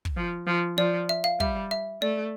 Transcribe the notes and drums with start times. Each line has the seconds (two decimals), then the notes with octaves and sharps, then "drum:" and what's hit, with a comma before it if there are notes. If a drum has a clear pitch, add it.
0.05 drum: kick
0.17 F3
0.47 F3
0.78 F3 D5
1.09 E5
1.24 F5
1.40 G3 E5, drum: kick
1.71 E5
2.02 A3 D5